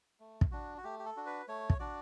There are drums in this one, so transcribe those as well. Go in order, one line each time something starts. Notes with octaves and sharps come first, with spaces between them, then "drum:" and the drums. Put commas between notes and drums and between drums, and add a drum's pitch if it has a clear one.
A3
drum: kick
D4 F#4
F#4
A3 G4
G4
A4
D4 F#4
B4
A3 C#5
drum: kick
D4 F#4 D5